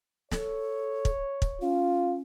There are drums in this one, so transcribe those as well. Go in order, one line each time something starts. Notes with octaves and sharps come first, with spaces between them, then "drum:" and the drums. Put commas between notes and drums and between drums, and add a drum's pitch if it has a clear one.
A4 C#5, drum: snare
drum: kick
drum: kick
C#4 F4